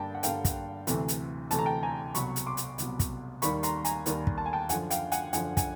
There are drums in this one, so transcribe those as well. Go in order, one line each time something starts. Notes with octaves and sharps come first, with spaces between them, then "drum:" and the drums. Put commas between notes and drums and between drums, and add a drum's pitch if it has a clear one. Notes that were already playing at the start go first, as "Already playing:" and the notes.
Already playing: G2 D3 G3 A#3 G5 A5
F#5
G2 D3 G3 A#3 F5 G5, drum: hi-hat
drum: kick, hi-hat
D2 C3 E3 A3, drum: hi-hat
drum: hi-hat
D2 C3 E3 A3 A5, drum: hi-hat
A#5
G5 A5
G#5 A#5
C2 B2 F#3 B5 C#6, drum: hi-hat
drum: hi-hat
C6 D6
drum: hi-hat
C2 B2 F#3, drum: hi-hat
drum: kick, hi-hat
D#2 D#3 G3 A#3 B5 C#6, drum: hi-hat
A#5 C6, drum: hi-hat
G#5 A#5, drum: hi-hat
D#2 D#3 G3 A#3, drum: hi-hat
drum: kick
A5
G#5
G5 A5
F#2 D3 F3 F#5 G#5, drum: hi-hat
F5 G5, drum: hi-hat
F#5 G#5, drum: hi-hat
F#2 D3 F3 F#5 G#5, drum: hi-hat
G#5, drum: kick, hi-hat